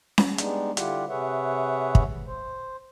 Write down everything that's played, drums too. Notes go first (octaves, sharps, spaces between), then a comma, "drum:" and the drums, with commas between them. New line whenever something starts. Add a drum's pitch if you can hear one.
drum: snare C#4
G3 G#3 B3 D4 D#4, drum: hi-hat
D3 G3 E4 F4 G4 F#5, drum: hi-hat
C3 G#4 B4 C#5 E5 F#5
drum: kick
C5